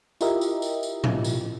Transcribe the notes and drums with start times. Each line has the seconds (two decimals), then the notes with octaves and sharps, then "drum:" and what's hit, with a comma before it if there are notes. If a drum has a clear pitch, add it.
0.21 E4 F4 G4 A#4 D#5 E5, drum: tambourine
0.41 drum: tambourine
0.62 drum: tambourine
0.83 drum: tambourine
1.04 drum: tom A2
1.24 drum: tambourine